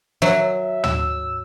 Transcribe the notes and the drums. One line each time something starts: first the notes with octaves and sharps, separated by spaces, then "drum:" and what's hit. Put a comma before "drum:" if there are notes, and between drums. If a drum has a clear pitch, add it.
F#3 E5
E6, drum: tom